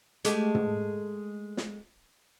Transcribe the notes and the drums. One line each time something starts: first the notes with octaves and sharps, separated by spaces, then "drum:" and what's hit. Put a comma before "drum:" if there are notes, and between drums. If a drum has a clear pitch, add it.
G#3 A3 G4, drum: hi-hat
drum: tom
drum: snare